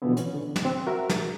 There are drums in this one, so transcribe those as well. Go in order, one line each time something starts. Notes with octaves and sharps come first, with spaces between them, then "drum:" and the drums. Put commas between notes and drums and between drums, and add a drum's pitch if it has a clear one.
B2 D3 E3 F3 B3 C4
C#4, drum: hi-hat
D3
drum: snare
C4
F#4 A#4 E5
drum: snare